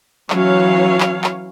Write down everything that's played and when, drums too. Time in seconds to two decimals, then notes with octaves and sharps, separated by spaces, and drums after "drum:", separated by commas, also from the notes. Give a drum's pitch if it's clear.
0.30 E3 F#3 C#4 C#5 F5, drum: clap
1.00 drum: clap
1.24 drum: clap